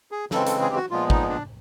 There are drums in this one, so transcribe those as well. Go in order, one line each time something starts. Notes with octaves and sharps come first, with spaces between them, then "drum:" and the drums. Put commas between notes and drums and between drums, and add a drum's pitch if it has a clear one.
G#4
C#3 E3 G#3 C4 A4, drum: snare
A4, drum: hi-hat
G#4
G4
F#4
A#2 F3 G#3 B3 F4
D#4, drum: kick G#1
D4